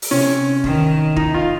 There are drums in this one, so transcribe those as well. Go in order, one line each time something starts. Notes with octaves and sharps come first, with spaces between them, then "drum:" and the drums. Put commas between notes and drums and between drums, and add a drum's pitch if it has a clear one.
drum: open hi-hat
C3 C#4
D#3, drum: kick
D#4, drum: kick
F4